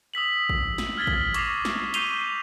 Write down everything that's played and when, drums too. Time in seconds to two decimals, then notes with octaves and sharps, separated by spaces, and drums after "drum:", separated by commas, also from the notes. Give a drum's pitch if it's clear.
0.14 D#6 E6 B6 F#7
0.49 drum: kick
0.78 drum: snare
0.97 F6 G#6 A6 B6 G7
1.07 drum: kick
1.34 C#6 D6 A#6 C7 F7, drum: hi-hat
1.65 drum: snare
1.94 C#6 G6 C7 D#7 F7 G7, drum: hi-hat